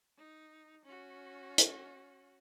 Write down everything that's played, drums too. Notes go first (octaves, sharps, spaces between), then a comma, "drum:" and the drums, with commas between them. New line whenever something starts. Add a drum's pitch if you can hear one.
D#4
C#4 F#4
drum: hi-hat